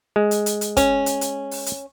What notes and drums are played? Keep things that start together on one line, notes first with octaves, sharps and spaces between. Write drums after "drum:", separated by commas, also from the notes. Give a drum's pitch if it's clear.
G#3
drum: hi-hat
drum: hi-hat
drum: hi-hat
C#4, drum: kick, hi-hat
drum: hi-hat
drum: hi-hat
drum: open hi-hat
drum: hi-hat